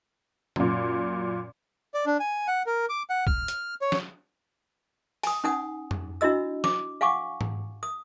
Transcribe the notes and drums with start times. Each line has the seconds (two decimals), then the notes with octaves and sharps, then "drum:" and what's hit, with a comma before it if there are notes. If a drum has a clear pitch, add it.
0.56 F#2 A#2, drum: tom
1.94 D5
2.06 D4
2.20 G#5
2.48 F#5
2.66 A#4
2.89 D6
3.10 F#5
3.27 F6, drum: kick
3.48 drum: hi-hat
3.81 C#5
3.92 drum: snare
5.23 G#5 D#6, drum: open hi-hat
5.44 C#4 D#4 F#5 G#5 D#6
5.91 drum: tom F2
6.21 D4 E4 F#4 D#5 E6
6.64 D6, drum: snare
7.01 F5 F#5 G#5 C#6 D6
7.41 drum: tom G#2
7.83 D#6